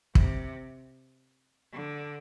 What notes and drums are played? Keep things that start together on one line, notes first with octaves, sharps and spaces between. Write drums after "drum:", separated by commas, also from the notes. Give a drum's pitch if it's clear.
C3, drum: kick
D3